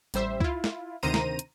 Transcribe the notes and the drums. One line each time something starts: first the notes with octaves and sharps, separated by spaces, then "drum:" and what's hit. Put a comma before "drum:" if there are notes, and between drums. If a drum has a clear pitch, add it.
A1 G3 C5 E5, drum: hi-hat
E4 F4, drum: kick C#2
drum: snare
D2 C3 D#3 C5 A#5 D#7
drum: snare
drum: hi-hat